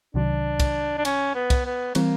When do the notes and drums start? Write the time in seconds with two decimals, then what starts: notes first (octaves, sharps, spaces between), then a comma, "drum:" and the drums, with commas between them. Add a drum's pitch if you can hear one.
0.14 C2 C3 D#3 F#3 D4
0.60 drum: kick C2, cymbal
0.98 D4
1.05 C#4, drum: cymbal
1.35 B3
1.50 drum: kick C2, cymbal
1.65 B3
1.95 E3 G3 A#3 C4, drum: cymbal